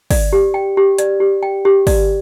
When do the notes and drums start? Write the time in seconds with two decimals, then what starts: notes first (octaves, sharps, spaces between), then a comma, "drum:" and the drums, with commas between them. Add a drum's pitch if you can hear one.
0.11 D5, drum: kick, open hi-hat
0.33 G4
0.54 G5
0.77 G4
0.99 D5, drum: hi-hat
1.20 G4
1.43 G5
1.65 G4
1.87 D5, drum: kick, open hi-hat